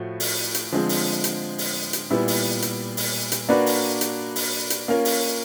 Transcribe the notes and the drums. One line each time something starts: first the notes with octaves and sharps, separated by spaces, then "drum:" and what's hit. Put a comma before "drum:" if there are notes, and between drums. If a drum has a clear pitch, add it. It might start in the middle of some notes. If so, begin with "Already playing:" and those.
Already playing: A2 F3 A3 F#4
drum: open hi-hat
drum: hi-hat
D3 F3 G#3 C4
drum: open hi-hat
drum: hi-hat
drum: open hi-hat
drum: hi-hat
A#2 G3 B3 E4
drum: open hi-hat
drum: hi-hat
drum: open hi-hat
drum: hi-hat
A#3 D4 F#4 B4 D5
drum: open hi-hat
drum: hi-hat
drum: open hi-hat
drum: hi-hat
A#3 C#4 F4 A#4
drum: open hi-hat